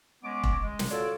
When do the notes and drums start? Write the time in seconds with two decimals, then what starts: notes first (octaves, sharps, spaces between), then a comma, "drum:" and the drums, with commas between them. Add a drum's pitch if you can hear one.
0.23 G#3 B3 C#4 D6
0.44 drum: kick E1
0.61 G#3
0.79 drum: snare
0.90 F4 F#4 A4 C#5 D5